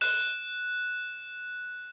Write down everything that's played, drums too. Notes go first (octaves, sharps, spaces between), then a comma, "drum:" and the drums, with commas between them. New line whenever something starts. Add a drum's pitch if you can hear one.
F#6 E7, drum: open hi-hat